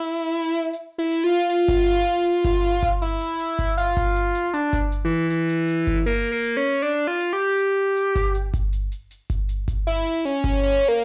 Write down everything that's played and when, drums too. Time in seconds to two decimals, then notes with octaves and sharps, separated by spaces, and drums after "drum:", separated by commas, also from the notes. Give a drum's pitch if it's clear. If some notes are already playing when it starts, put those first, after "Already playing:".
Already playing: E4
0.73 drum: hi-hat
0.98 E4
1.11 drum: hi-hat
1.24 F4
1.49 F4, drum: hi-hat
1.68 drum: kick G1, hi-hat
1.87 drum: hi-hat
2.06 drum: hi-hat
2.25 drum: hi-hat
2.44 drum: kick G1, hi-hat
2.64 drum: hi-hat
2.83 drum: kick G1, hi-hat
3.02 E4, drum: hi-hat
3.21 drum: hi-hat
3.40 drum: hi-hat
3.59 drum: kick G1, hi-hat
3.77 F4, drum: hi-hat
3.97 drum: kick G1, hi-hat
4.16 drum: hi-hat
4.35 drum: hi-hat
4.54 D4, drum: hi-hat
4.73 drum: kick G1, hi-hat
4.92 drum: hi-hat
5.05 E3
5.30 E3, drum: hi-hat
5.49 drum: hi-hat
5.68 drum: hi-hat
5.87 drum: kick G1, hi-hat
6.06 A#3, drum: hi-hat
6.31 A#3
6.44 drum: hi-hat
6.57 C#4
6.82 D4, drum: hi-hat
7.07 F4
7.20 drum: hi-hat
7.33 G4
7.58 drum: hi-hat
7.96 drum: hi-hat
8.16 drum: kick G1, hi-hat
8.35 drum: hi-hat
8.54 drum: kick G1, hi-hat
8.73 drum: hi-hat
8.92 drum: hi-hat
9.11 drum: hi-hat
9.30 drum: kick G1, hi-hat
9.49 drum: hi-hat
9.68 drum: kick G1, hi-hat
9.87 E4, drum: hi-hat
10.06 drum: hi-hat
10.25 C#4, drum: hi-hat
10.44 drum: kick G1, hi-hat
10.63 C#4, drum: hi-hat
10.88 A#3